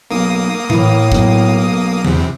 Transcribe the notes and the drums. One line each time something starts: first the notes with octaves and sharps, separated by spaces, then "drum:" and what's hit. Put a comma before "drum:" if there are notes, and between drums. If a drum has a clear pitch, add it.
B1 A#3 D#6
A2 E3, drum: tom A#2
B1, drum: kick
E2 C3, drum: tom C#3